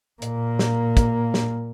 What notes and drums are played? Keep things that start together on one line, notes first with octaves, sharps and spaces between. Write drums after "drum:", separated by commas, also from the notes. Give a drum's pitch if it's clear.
A#2 A#3, drum: hi-hat
drum: snare
drum: kick, hi-hat
drum: snare